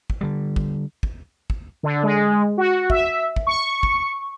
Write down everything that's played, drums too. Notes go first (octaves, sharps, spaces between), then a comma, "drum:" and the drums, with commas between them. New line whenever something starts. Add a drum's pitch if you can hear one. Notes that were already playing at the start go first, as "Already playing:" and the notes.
drum: kick
D3 G3
drum: kick
drum: kick
drum: kick
D3
G#3
F#4
E5, drum: kick
drum: kick
C#6
drum: kick